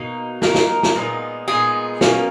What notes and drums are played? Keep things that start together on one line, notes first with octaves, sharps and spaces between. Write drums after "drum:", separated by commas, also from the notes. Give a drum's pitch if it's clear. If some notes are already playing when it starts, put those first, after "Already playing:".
Already playing: B2 A#3 D#4
B2 A#3 D#4 A#4, drum: snare
drum: snare
drum: snare
A#2 G#3 B3 D#4
A#2 G#3 B3 D#4 G#4
B2 A#3 C#4, drum: snare